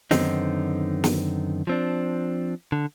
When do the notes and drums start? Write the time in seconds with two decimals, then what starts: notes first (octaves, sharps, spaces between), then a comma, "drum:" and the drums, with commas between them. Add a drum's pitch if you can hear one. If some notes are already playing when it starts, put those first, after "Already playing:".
0.11 F#2 D3 D#3 B3 C4 D#4, drum: snare
1.04 drum: snare
1.67 F3 C4 D4
2.72 D3